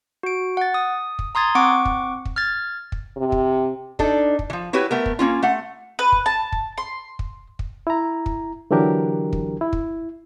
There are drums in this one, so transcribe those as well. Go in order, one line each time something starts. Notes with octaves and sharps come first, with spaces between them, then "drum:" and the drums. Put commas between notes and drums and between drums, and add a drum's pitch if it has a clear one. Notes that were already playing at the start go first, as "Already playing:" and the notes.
F#4 D7
F#5 A6
D#6
drum: kick
A#5 C6 D#6 G#6 A6
C4 F#5 C#6 D6 D7
drum: kick
drum: kick
F6 G#6 A6
drum: kick
C3
drum: kick
D4 D#4 A4, drum: kick
drum: kick
E3 F3
E4 F#4 G4 B4 C#5
A3 B3 A#4
drum: kick
A#3 C#4 F4
A3 F#5
B4
drum: kick
A5
drum: kick
C6
drum: kick
drum: kick
E4 A#5
drum: kick
D3 E3 F#3 D4 G4 A#4
drum: kick
E4
drum: kick